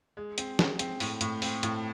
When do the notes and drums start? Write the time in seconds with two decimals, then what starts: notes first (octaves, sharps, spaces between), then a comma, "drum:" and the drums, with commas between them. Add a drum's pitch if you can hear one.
0.17 G#3
0.38 C4, drum: hi-hat
0.59 G#3, drum: snare
0.79 C4, drum: hi-hat
1.00 A2, drum: open hi-hat
1.21 A2, drum: hi-hat
1.42 C4, drum: open hi-hat
1.63 A2, drum: hi-hat